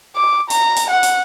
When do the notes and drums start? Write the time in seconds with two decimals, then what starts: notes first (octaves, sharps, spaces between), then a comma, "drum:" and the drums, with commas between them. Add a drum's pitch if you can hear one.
0.16 D6
0.50 A#5, drum: hi-hat
0.76 drum: hi-hat
0.90 F#5
1.03 drum: hi-hat